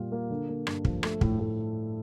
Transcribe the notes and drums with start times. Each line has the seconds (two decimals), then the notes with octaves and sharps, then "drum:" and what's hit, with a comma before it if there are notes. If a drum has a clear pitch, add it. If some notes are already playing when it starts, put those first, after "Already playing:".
Already playing: A#2 G3 F4
0.12 A#3
0.30 D3
0.49 A#3
0.67 G2, drum: rim click
0.85 F3, drum: kick
1.03 A3, drum: rim click
1.21 A2, drum: kick
1.39 A2